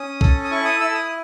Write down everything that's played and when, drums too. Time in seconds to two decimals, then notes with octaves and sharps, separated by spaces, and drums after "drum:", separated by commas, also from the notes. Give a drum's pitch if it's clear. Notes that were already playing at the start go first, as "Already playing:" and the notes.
Already playing: C#4 D#6
0.21 A4, drum: kick
0.44 D#6
0.51 E4 C#6
0.65 D#6
0.80 E4 E6
0.94 D#6